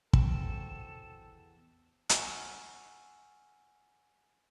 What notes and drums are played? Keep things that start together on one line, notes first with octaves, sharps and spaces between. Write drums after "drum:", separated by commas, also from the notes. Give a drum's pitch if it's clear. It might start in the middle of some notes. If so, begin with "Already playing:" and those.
E2 C4 F#4 A4 E7, drum: kick
F#5 G#5 C#6 E6 F6 E7, drum: hi-hat